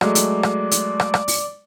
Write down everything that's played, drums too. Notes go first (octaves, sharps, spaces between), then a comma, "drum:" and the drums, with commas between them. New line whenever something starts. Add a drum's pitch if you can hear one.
F#3 G#3 A3 D5, drum: rim click
drum: hi-hat
drum: rim click
drum: hi-hat
drum: rim click
drum: rim click
drum: open hi-hat